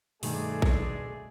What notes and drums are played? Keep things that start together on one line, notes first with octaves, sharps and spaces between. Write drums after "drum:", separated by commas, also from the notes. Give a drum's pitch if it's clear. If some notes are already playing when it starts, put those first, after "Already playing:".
G2 B2 D#3 G#3 A3 D4 G#4, drum: open hi-hat
drum: kick A#1